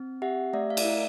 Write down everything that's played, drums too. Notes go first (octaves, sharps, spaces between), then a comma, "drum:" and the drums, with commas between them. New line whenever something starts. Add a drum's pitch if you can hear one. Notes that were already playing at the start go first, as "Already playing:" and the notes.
Already playing: C4
G4 E5 F#5
A3 D5 E5
F5
D5 E5, drum: cymbal
E4